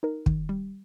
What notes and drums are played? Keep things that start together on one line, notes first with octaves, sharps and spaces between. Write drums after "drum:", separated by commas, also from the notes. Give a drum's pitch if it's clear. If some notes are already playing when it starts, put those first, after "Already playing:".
D#4 A#4
D#3, drum: kick
G3